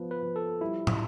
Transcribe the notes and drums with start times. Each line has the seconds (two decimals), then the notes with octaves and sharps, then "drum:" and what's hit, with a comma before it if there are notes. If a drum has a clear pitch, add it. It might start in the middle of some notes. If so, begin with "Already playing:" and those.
Already playing: F3 B3
0.11 B4
0.23 F3
0.36 A4
0.61 G3 E4
0.87 drum: tom